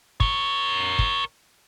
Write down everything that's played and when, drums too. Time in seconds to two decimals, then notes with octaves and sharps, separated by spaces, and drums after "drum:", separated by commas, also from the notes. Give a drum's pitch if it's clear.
0.20 A#4 C#5, drum: kick
0.99 drum: kick